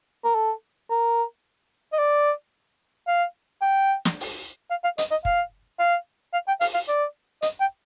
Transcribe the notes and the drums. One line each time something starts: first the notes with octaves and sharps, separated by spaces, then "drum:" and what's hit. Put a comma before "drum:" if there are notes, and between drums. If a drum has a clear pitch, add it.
A#4
A4
A#4
D#5
D5
F5
G5
drum: snare
drum: open hi-hat
F5
F5
D#5, drum: hi-hat
D#5
F5, drum: kick
F5
F5
G5
F5, drum: open hi-hat
F5
D5
D#5, drum: hi-hat
G5